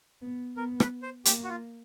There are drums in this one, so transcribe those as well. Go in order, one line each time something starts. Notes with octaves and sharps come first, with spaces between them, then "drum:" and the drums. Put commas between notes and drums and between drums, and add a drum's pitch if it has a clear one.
B3
B3 A#4
B4, drum: rim click
C5
A#3 G4, drum: hi-hat
F#4
F4